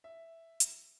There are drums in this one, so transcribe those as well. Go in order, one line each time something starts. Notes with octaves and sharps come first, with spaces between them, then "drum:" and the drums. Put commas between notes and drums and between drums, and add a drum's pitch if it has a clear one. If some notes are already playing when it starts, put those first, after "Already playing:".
E5
drum: hi-hat